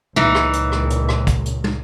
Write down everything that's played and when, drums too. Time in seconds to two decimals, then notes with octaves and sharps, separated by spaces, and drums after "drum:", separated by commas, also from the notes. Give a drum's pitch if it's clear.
0.16 C#2 A#2 E3 D#4, drum: tom
0.35 drum: rim click
0.53 drum: hi-hat
0.72 drum: rim click
0.90 drum: hi-hat
1.09 drum: rim click
1.27 drum: kick, hi-hat
1.46 drum: hi-hat
1.64 drum: tom